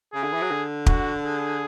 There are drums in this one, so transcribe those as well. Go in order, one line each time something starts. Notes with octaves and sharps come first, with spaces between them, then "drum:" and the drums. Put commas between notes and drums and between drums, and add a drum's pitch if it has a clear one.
C#3 G#4
D3
E3
F#3
D3
F#4, drum: kick
G#4